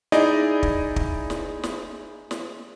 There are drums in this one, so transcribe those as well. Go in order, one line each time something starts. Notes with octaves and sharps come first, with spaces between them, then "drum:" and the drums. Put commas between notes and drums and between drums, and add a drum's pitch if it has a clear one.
D#4 E4 G#4 D5 D#5, drum: snare
drum: kick
drum: kick
drum: snare
drum: snare
drum: snare